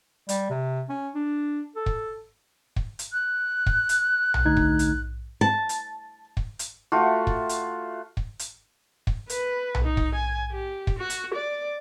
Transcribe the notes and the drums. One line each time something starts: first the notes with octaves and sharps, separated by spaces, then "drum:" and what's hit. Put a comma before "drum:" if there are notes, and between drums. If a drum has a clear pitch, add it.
G3, drum: hi-hat
C3
C#4
D4
A4
drum: kick
drum: kick
drum: hi-hat
F#6
drum: kick
drum: hi-hat
drum: tom B1
D2 D#4 G#6
drum: kick
drum: hi-hat
A5
drum: hi-hat
drum: kick
drum: hi-hat
A3 F4 F#4
drum: kick
drum: hi-hat
drum: kick
drum: hi-hat
drum: kick
B4, drum: hi-hat
drum: tom B1
D#4
drum: kick
G#5
G4
drum: kick
F#4
drum: hi-hat
D5